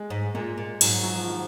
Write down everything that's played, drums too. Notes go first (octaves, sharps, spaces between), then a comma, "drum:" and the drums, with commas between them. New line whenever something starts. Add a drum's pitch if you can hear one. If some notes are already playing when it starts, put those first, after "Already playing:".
Already playing: G#3
G#2
A#2 G#3
A#2
G#2 F#3, drum: cymbal
F#3
F3
D#3